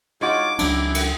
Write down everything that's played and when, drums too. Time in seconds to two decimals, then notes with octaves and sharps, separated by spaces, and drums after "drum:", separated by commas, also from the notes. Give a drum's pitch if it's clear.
0.21 G#3 D#4 F4 F#4 C#5 D6
0.59 C#2 F#3 D4 E4, drum: cymbal
0.95 drum: cymbal